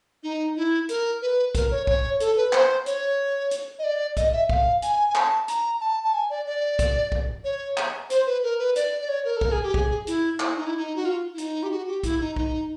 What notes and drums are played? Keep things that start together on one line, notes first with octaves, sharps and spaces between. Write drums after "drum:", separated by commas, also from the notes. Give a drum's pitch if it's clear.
D#4
E4
A#4, drum: hi-hat
B4
A#4, drum: kick, hi-hat
C#5
C#5, drum: kick
A4, drum: hi-hat
B4
C5, drum: clap
C#5, drum: hi-hat
drum: hi-hat
D#5
D5
D#5, drum: kick, hi-hat
E5
F5, drum: kick
G#5, drum: hi-hat
G#5
A5, drum: clap
A#5, drum: hi-hat
A5
A5
G#5
D5
D5
drum: kick, hi-hat
drum: kick
C#5
drum: clap
C5, drum: hi-hat
B4
A#4
B4
D5, drum: hi-hat
D5
C#5
A#4
A4
A#4, drum: kick
G#4
G4
G#4, drum: kick
E4, drum: hi-hat
E4, drum: clap
D#4
E4
D#4
F#4
F4
E4
D#4, drum: hi-hat
G4
F#4
G4
E4, drum: kick, hi-hat
D#4
D#4, drum: kick